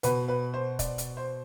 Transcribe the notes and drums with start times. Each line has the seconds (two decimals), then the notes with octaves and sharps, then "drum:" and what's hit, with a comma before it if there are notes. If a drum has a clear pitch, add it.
0.03 B2 B4, drum: hi-hat
0.28 B4
0.54 C5
0.79 D5, drum: kick, hi-hat
0.98 drum: hi-hat
1.17 C5